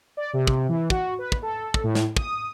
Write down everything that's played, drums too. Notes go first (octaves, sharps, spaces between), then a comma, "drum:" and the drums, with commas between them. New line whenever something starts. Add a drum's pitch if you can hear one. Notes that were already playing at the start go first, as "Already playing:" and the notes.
D5
C3
drum: kick
E3
F#4, drum: kick
B4
drum: kick
A4
drum: kick
A2
drum: snare
D#6, drum: kick